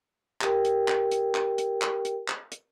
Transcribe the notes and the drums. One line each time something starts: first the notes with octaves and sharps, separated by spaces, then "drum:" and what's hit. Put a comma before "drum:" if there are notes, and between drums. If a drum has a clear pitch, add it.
G4 A#4 G5, drum: clap
drum: hi-hat
drum: clap
drum: hi-hat
drum: clap
drum: hi-hat
drum: clap
drum: hi-hat
drum: clap
drum: hi-hat